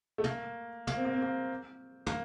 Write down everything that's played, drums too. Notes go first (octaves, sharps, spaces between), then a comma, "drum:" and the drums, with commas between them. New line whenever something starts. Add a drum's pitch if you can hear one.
A3
A#3, drum: tom
A#3, drum: tom
C4
A#3
C4
A#3
A#3, drum: tom